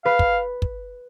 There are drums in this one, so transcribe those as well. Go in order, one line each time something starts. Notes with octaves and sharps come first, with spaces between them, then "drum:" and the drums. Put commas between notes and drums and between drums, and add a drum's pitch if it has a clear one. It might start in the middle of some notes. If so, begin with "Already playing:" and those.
B4 F5
drum: kick
drum: kick